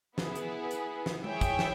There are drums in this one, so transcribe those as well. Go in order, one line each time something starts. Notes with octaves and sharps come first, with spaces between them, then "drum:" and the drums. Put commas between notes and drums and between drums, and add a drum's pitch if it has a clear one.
B3 E4 G#4 B4, drum: snare
drum: hi-hat
drum: hi-hat
drum: snare
E4 G#4 C#5 E5 G5, drum: tom G#3
drum: kick, hi-hat
drum: snare